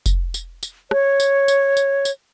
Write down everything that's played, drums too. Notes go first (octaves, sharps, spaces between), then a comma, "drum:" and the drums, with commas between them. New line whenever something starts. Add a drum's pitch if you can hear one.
drum: kick F1, tambourine
drum: tambourine
drum: tambourine
C#5, drum: rim click
drum: tambourine
drum: tambourine
drum: tambourine
drum: tambourine